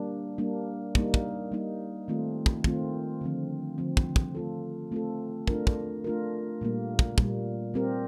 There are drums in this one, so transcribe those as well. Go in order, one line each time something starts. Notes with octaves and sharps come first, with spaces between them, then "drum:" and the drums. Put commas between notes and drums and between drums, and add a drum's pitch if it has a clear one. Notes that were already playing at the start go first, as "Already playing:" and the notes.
Already playing: G3 A#3 D4
G3 A#3 D4
G3 A#3 D#4, drum: kick
drum: kick
G3 A#3 D#4
D#3 A3 C4 F4
drum: kick
D#3 A3 C4 F4, drum: kick
D3 F3 C4
D3 F3 C4
drum: kick
drum: kick
A3 C4 F4 A4
A3 C4 F4 A4
A3 D4 F4 A#4, drum: kick
drum: kick
A3 D4 F4 A#4
A#2 G3 A#3
drum: kick
A#2 G3 A#3, drum: kick
G3 C4 G4 A#4